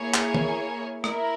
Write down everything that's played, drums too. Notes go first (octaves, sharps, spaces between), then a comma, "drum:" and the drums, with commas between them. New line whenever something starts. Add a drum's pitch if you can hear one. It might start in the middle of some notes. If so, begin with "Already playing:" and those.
Already playing: A#3 E4 G#4 C#5 G#5
drum: clap
drum: tom D#3
E4 A#4, drum: rim click